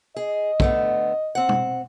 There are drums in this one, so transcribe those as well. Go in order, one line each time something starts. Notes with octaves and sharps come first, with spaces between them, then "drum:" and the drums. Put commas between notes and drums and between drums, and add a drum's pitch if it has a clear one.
G#4 D#5
D3 A3 B3, drum: kick
C4 F#5
drum: tom